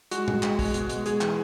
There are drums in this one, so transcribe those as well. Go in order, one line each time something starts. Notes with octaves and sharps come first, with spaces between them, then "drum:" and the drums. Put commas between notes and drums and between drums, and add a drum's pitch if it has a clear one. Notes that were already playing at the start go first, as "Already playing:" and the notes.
G#3 F#4, drum: hi-hat
G#3, drum: tom
G#3, drum: clap
G#3, drum: kick, open hi-hat
B2, drum: hi-hat
G#3, drum: hi-hat
G#3 G#4, drum: hi-hat
E3, drum: clap